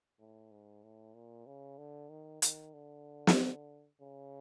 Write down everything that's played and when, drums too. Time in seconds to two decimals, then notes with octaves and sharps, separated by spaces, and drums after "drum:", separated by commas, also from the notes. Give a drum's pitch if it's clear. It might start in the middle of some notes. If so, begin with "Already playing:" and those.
0.19 A2
0.51 G#2
0.83 A2
1.14 A#2
1.46 C#3
1.78 D3
2.10 D#3
2.42 D#3, drum: hi-hat
2.74 D3
3.27 drum: snare
4.01 C#3